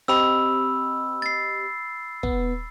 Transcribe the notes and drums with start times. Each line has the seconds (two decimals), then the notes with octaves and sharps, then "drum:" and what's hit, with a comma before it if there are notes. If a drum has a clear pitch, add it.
0.08 C4 G4 D#5 B5 E6
1.22 A6 C7
2.23 B3, drum: kick